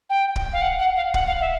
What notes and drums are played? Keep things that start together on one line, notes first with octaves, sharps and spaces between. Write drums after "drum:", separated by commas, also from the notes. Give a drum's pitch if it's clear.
G5
drum: kick
F5
F#5
F#5
F5
F#5, drum: kick
F5
E5